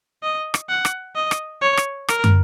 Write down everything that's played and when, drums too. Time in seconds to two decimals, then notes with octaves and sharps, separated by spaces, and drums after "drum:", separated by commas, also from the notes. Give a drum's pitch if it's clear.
0.23 D#5
0.54 drum: rim click
0.70 F#5
0.85 drum: rim click
1.16 D#5
1.31 drum: rim click
1.62 C#5
1.77 drum: rim click
2.08 A#4, drum: rim click
2.24 drum: tom